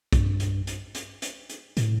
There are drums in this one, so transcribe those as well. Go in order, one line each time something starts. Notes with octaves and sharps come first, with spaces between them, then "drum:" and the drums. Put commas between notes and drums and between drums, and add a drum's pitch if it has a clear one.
G2, drum: kick B1, hi-hat
drum: hi-hat
drum: hi-hat
drum: hi-hat
drum: hi-hat
drum: hi-hat
A2, drum: hi-hat